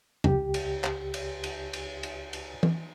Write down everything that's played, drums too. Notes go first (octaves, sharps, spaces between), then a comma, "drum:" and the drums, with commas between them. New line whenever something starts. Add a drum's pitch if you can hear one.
C#2 G4, drum: tom
drum: cymbal
drum: clap
drum: cymbal
drum: cymbal
drum: cymbal
drum: cymbal
drum: cymbal
drum: tom E3